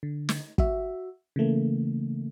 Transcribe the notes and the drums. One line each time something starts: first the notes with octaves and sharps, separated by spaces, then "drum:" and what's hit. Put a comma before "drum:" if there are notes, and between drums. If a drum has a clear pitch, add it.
D3
drum: snare
F#4 E5, drum: kick
C#3 E3 A3 A#3